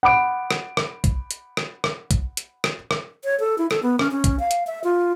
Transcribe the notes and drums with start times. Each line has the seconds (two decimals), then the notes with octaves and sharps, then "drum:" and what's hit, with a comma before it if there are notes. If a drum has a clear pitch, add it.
0.03 F#5 B5 D6 D7
0.51 drum: rim click
0.77 drum: rim click
1.04 drum: kick B1, hi-hat
1.31 drum: hi-hat
1.57 drum: rim click
1.84 drum: rim click
2.11 drum: kick B1, hi-hat
2.37 drum: hi-hat
2.64 drum: rim click
2.91 drum: rim click
3.24 C#5
3.40 A4
3.58 E4
3.71 A4, drum: rim click
3.83 B3
3.99 C#4, drum: rim click
4.11 C#4
4.24 drum: kick B1, hi-hat
4.40 F5
4.51 drum: hi-hat
4.67 E5
4.84 F4